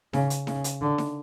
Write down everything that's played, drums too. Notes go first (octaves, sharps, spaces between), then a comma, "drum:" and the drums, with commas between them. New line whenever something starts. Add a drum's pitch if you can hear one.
C#3, drum: snare D#4
drum: hi-hat
C#3, drum: snare D#4
drum: hi-hat
D3
drum: snare D#4